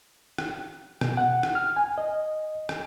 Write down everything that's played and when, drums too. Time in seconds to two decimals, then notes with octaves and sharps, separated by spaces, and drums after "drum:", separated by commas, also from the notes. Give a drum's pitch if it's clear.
0.38 drum: rim click
1.01 B2, drum: rim click
1.17 F#5
1.43 drum: rim click
1.55 F6
1.76 G#5
1.98 D#5
2.69 drum: rim click